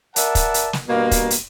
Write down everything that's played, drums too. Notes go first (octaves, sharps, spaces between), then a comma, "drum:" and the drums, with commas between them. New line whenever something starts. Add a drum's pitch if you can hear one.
A#4 D5 E5 F#5 A5, drum: hi-hat
drum: kick, hi-hat
drum: hi-hat
drum: snare
G2 B2 A#3
drum: kick, hi-hat
drum: hi-hat